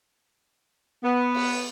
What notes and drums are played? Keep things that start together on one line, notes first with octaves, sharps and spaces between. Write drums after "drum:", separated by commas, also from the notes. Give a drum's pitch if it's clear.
B3
drum: cymbal